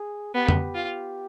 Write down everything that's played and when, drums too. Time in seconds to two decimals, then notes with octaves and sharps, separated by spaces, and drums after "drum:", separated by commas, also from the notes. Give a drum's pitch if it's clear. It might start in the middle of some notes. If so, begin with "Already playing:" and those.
Already playing: G#4
0.35 B3 G4
0.49 drum: tom F2
0.75 F4